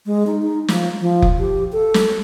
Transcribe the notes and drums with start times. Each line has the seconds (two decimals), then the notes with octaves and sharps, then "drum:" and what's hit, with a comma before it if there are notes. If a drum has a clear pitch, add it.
0.06 G#3
0.27 D#4
0.42 D#4
0.68 F3, drum: snare
1.01 F3
1.22 drum: kick F1
1.39 G4
1.72 A4
1.94 drum: snare